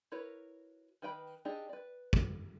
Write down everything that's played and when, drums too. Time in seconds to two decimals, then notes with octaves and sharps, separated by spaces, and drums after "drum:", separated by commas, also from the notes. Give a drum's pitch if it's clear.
0.12 E4 F#4 A#4 B4 C#5
1.02 D#3 B4 G5 B5
1.45 C4 D4 D#4 G4 G#4
1.69 B4 D5
2.13 drum: kick